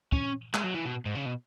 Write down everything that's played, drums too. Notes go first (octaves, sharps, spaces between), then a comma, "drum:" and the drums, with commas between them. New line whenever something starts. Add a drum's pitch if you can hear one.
C#4, drum: kick
G#3, drum: clap
F#3
E3
B2
G#2
C#3
B2